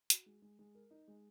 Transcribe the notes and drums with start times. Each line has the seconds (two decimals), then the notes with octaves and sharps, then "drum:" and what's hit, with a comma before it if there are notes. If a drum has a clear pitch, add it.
0.10 F#4, drum: hi-hat
0.26 G#3
0.42 G#3
0.59 G#3
0.75 A#4
0.91 D#4
1.08 G#3